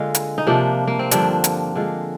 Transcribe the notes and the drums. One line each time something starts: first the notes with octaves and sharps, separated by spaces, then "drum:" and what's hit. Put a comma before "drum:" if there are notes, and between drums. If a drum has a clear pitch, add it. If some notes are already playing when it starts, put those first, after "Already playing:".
Already playing: D3 G#3 A#3 F4
drum: hi-hat
D#4
C3 F3 A#3 D4
A#3
C4
G2 D3 F3 D4, drum: hi-hat
drum: hi-hat
D3 G#3 F4